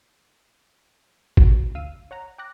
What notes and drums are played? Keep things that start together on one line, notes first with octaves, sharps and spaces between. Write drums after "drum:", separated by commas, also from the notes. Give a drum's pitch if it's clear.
F#4, drum: kick
D2 F5 E6 D#7
C#5 F#5 A#5
G5 D6 F#6 A#6